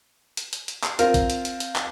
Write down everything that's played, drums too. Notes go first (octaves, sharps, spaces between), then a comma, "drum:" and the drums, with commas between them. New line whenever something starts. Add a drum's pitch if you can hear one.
drum: hi-hat
drum: hi-hat
drum: hi-hat
drum: clap
C4 F4 A#4, drum: hi-hat
drum: kick G#1, hi-hat
drum: hi-hat
drum: hi-hat
drum: hi-hat
drum: clap